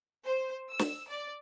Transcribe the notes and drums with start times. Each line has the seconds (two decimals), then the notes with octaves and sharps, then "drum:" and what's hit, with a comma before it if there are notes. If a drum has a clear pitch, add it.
0.25 C5
0.68 E6
0.79 drum: snare
1.08 D5